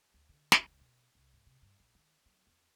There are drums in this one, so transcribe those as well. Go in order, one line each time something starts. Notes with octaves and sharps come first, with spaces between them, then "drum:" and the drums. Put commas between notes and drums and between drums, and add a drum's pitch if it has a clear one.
D2
D3
C#2, drum: snare
B2
C2
G#2
C3
G2
A#1
D#3
F#3
E2